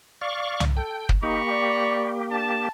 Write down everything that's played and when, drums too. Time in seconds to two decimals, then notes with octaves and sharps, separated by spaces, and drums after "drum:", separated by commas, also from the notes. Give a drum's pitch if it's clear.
0.21 D5 F5 C#6
0.60 drum: tom C2
0.77 A4 G5
1.09 drum: kick
1.23 A#3 D#4 G4 A#5 B5 C#6
1.51 D5
2.31 D4 A5